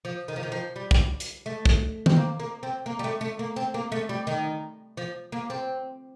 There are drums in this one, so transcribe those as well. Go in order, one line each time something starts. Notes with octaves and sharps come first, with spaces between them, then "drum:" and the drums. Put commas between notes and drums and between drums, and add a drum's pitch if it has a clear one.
F3
D#3
F3
D#3
F3
G3
drum: kick
drum: hi-hat
A3
drum: kick
C4, drum: tom
A#3
A#3
C4
A#3
G3
A3
A3
A#3
C4
A#3
A3
G3
D#3
F3
A#3
C4